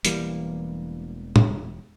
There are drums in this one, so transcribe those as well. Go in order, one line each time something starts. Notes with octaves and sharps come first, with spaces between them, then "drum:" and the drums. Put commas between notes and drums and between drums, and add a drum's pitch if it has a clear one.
E1 E3 G3 A#3, drum: hi-hat
drum: tom